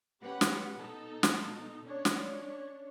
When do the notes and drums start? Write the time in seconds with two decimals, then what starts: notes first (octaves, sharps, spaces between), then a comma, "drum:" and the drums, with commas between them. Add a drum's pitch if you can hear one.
0.22 C#4 G4 B4 F#5 B5
0.41 drum: snare
0.77 B2 D#4 A4
1.23 drum: snare
1.85 C#4 D4 C#5
2.05 drum: snare